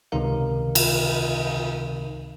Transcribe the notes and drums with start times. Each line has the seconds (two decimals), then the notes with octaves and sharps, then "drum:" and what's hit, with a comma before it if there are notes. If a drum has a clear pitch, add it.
0.12 C#2 C3 D#3 D#4 A#4 F5
0.75 drum: cymbal